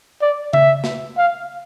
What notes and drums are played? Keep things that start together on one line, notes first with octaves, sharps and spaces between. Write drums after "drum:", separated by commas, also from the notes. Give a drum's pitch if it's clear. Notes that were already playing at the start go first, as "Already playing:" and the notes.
D5
E5, drum: tom C#3
drum: snare
F5